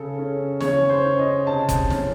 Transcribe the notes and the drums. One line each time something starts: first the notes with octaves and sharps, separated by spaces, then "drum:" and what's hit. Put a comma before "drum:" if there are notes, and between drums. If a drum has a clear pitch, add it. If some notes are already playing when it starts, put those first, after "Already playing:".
Already playing: C#3 A4
C#4
C#3 C#5, drum: snare
C5
C#4
D#5
C3 A5
drum: kick F#1, hi-hat
C#4, drum: snare